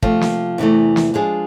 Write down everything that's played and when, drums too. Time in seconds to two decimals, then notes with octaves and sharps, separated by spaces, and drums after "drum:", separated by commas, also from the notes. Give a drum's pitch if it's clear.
0.02 C3 F3 A3, drum: kick
0.21 drum: snare
0.58 E2 C3 E3 A3 E4
0.96 drum: snare
1.14 F3 G#3 D4 G#4